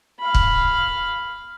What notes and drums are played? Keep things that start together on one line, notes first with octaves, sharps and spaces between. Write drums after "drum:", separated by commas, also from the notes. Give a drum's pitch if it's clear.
F5 B5
drum: kick